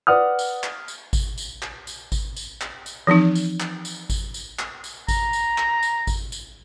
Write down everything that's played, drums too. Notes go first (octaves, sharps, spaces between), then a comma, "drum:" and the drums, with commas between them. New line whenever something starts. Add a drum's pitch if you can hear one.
B4 D5 F#5 D#6 F6
drum: tambourine
drum: clap
drum: tambourine
drum: kick G#1, tambourine
drum: tambourine
drum: clap
drum: tambourine
drum: kick G#1, tambourine
drum: tambourine
drum: clap
drum: tambourine
E3 F3 C4 D#4
drum: tambourine
drum: clap
drum: tambourine
drum: kick G#1, tambourine
drum: tambourine
drum: clap
drum: tambourine
A#5, drum: kick G#1, tambourine
drum: tambourine
drum: clap
drum: tambourine
drum: kick G#1, tambourine
drum: tambourine